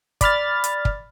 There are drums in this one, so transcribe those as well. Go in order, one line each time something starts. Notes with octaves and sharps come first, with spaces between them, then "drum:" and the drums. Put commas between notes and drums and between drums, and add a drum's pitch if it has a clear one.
D5 B5 F6 A6, drum: kick, hi-hat
drum: hi-hat
drum: kick